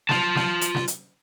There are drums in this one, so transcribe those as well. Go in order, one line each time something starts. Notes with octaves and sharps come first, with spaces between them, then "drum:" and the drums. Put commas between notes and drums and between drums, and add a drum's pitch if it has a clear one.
F4 A5, drum: snare
drum: snare
drum: hi-hat
drum: snare
drum: hi-hat